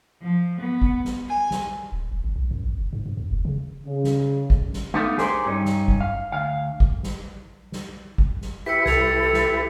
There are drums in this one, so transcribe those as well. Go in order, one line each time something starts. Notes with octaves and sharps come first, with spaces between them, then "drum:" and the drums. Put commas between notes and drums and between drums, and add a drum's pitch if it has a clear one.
F3
B3
drum: kick
drum: snare
G#5
drum: snare
D1
E1
G#1
B1
F#2
A1
F#1
G#2
G2
D#2
F1
C#3
C#3
drum: snare
drum: kick
drum: snare
A3 B3 D4 D#4 A4 F5
G4 G#4 A#4 C5 D5, drum: snare
G2 C#4 D#4
drum: snare
drum: kick
F5
D2 F5
drum: kick
drum: snare
drum: snare
drum: kick
drum: snare
E4 G4 B4 E5 B6 C#7
C2 A4 G#6 C#7 F7, drum: snare
drum: snare